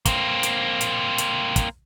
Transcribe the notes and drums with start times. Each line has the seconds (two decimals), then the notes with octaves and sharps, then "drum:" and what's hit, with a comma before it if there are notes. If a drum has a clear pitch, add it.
0.05 A#3 C4, drum: kick, hi-hat
0.43 drum: hi-hat
0.81 drum: hi-hat
1.18 drum: hi-hat
1.56 drum: kick, hi-hat